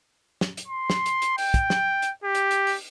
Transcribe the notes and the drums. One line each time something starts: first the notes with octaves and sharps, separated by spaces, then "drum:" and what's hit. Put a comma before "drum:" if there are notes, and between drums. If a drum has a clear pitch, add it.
drum: snare
drum: hi-hat
C6
drum: snare
drum: hi-hat
drum: hi-hat
G5, drum: open hi-hat
drum: kick, hi-hat
drum: snare
drum: hi-hat
G4
drum: hi-hat
drum: hi-hat
drum: open hi-hat